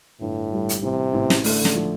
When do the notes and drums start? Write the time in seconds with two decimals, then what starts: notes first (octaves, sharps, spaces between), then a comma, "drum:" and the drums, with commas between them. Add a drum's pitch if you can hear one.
0.21 G1 A2
0.52 G3
0.69 drum: hi-hat
0.82 A1 C3
1.13 A1
1.30 drum: snare
1.44 D3 A3, drum: open hi-hat
1.65 drum: snare
1.75 F3